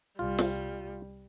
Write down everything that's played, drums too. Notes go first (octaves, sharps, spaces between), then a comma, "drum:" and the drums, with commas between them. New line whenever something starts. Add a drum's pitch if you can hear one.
C2 G3 F4
drum: snare